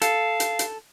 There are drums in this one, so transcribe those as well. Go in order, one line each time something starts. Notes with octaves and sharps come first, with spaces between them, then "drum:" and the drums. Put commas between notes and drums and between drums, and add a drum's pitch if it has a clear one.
A4 F5, drum: hi-hat
drum: hi-hat
drum: hi-hat